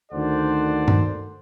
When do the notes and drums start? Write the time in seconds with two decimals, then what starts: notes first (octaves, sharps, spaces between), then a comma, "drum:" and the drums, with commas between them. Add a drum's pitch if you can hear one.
0.12 D2 D#3 A4 C5 D5 F#5
0.88 drum: tom G2